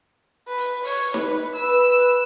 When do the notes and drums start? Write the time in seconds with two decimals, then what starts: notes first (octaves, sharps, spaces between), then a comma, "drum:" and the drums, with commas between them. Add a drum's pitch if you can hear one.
0.48 B4
0.58 drum: hi-hat
0.84 C#5, drum: open hi-hat
1.14 B4, drum: snare D#4
1.55 B4 E6